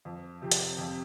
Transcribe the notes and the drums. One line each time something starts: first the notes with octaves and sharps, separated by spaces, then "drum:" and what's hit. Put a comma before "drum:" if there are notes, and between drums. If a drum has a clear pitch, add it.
F2
C3 F3 C4 G4
drum: hi-hat
F2